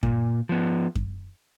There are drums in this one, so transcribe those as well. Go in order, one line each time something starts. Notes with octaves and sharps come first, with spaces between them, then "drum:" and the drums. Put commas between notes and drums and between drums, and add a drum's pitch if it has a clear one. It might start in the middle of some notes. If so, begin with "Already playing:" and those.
A#2, drum: kick F#2
F3 B3
drum: kick F#2